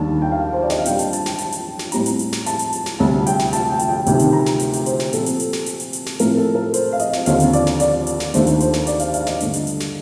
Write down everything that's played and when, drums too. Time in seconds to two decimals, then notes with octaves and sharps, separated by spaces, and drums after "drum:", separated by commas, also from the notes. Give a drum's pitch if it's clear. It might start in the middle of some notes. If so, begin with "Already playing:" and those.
Already playing: D#2 D#3 G3 D4 A5
0.22 G5
0.32 F5
0.53 C5
0.62 D5
0.70 D#5, drum: snare
0.78 F5
0.86 A#2 G3 D4 G5, drum: hi-hat
0.99 A5, drum: hi-hat
1.13 A5, drum: hi-hat
1.26 G5, drum: snare
1.38 A5, drum: hi-hat
1.52 drum: hi-hat
1.79 drum: snare
1.92 A2 G3 C4 A#5, drum: hi-hat
2.06 drum: hi-hat
2.19 drum: hi-hat
2.33 drum: snare
2.46 A5, drum: hi-hat
2.59 drum: hi-hat
2.73 drum: hi-hat
2.86 drum: snare
2.99 D2 C3 G3 A5
3.27 G5, drum: hi-hat
3.39 drum: snare
3.53 A5, drum: hi-hat
3.70 G5
3.79 drum: hi-hat
3.89 G5
4.06 D2 C3 D#3 G5, drum: hi-hat
4.19 drum: hi-hat
4.33 A#5
4.46 drum: snare
4.60 drum: hi-hat
4.73 G5, drum: hi-hat
4.86 C5, drum: hi-hat
5.00 drum: snare
5.13 A#2 F3 C4 A4, drum: hi-hat
5.26 drum: hi-hat
5.40 drum: hi-hat
5.53 drum: snare
5.66 drum: hi-hat
5.80 drum: hi-hat
5.93 drum: hi-hat
6.06 drum: snare
6.19 A2 F3 A3 C4 A#4, drum: hi-hat
6.37 A4
6.55 A#4
6.74 C5, drum: hi-hat
6.92 F5
6.99 D#5, drum: hi-hat
7.13 drum: snare
7.26 D#2 D3 F3 C4 F5, drum: hi-hat
7.40 drum: hi-hat
7.53 D5, drum: hi-hat
7.67 drum: snare
7.80 D5, drum: hi-hat
8.07 drum: hi-hat
8.20 drum: snare
8.34 D#2 D#3 A3 D4 C5, drum: hi-hat
8.47 drum: hi-hat
8.60 C5, drum: hi-hat
8.73 drum: snare
8.87 D5, drum: hi-hat
9.00 F5, drum: hi-hat
9.14 F5, drum: hi-hat
9.27 D#5, drum: snare
9.41 G2 D3 A3 D4, drum: hi-hat
9.54 drum: hi-hat
9.67 drum: hi-hat
9.80 drum: snare